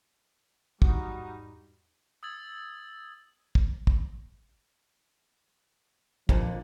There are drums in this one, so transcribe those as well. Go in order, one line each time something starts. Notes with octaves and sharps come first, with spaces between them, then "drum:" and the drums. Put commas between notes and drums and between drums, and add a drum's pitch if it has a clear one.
E2 G#2 G3 D#4 F#4, drum: kick
D#6 E6 G#6 A6 F#7
drum: kick
drum: kick
F2 A#2 D3 F3, drum: kick